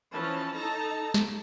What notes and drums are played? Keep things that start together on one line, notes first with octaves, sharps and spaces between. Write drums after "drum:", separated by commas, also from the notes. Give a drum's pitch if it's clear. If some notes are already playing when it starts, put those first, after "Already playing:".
E3 F3 C#4 A5
D#4 A4 A5 A#5
drum: snare